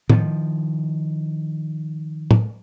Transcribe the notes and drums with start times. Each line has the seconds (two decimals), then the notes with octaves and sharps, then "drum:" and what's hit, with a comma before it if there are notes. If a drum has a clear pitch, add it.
0.10 D#3 F3, drum: tom
2.31 drum: tom